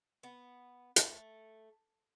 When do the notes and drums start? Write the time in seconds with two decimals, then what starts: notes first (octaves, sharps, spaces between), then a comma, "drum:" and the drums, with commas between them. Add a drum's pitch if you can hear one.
0.23 B3
0.96 A3, drum: hi-hat